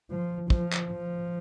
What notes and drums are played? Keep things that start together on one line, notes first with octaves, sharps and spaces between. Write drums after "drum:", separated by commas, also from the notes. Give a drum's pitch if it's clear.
F3
F3, drum: kick
drum: clap
F3